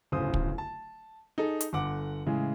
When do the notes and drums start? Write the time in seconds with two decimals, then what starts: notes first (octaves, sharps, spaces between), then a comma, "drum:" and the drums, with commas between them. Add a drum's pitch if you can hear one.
0.12 D1 G1 C#3 C5 D#6
0.34 drum: kick
0.58 A5
1.38 D#4 G#4 A4
1.61 drum: hi-hat
1.73 G1 D3 F#5 D6
2.26 A2 C#3 E3 G#3